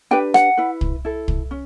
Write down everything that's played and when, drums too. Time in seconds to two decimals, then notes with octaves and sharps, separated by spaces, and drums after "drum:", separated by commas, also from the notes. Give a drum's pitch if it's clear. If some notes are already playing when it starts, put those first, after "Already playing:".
0.11 D4 G4 B4 G5
0.34 F#5, drum: rim click
0.57 E4 B4
0.81 drum: kick
1.05 E4 A4
1.28 drum: kick
1.51 C#4